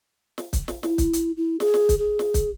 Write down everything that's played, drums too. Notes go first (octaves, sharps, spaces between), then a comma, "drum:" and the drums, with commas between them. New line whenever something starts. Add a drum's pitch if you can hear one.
drum: snare
drum: kick, hi-hat
drum: snare
E4, drum: snare
drum: kick, hi-hat
drum: hi-hat
E4
G#4, drum: snare
drum: snare
drum: kick, hi-hat
G#4
drum: snare
drum: kick, hi-hat